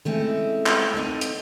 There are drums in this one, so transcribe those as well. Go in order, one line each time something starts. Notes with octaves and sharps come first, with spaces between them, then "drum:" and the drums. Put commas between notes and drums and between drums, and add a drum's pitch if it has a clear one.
G#3 A3 C4 C#4 E4
drum: clap
C4 D#4 A4 C#5
drum: hi-hat